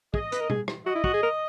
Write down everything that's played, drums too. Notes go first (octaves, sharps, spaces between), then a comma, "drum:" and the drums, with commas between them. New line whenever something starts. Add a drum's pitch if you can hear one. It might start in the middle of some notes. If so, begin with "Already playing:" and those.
G#4 D#5, drum: kick
B4, drum: hi-hat
A#4
G#4, drum: tom B2
drum: rim click
F#4 D#5
E4
F#4, drum: kick
G#4
A#4